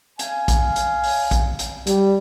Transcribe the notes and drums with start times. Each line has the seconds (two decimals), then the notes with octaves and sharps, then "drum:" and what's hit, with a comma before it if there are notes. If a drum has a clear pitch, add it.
0.19 F5 G#5, drum: hi-hat
0.48 drum: kick A#1, hi-hat
0.76 drum: hi-hat
1.04 drum: open hi-hat
1.31 drum: kick A#1, hi-hat
1.59 drum: hi-hat
1.87 G3, drum: hi-hat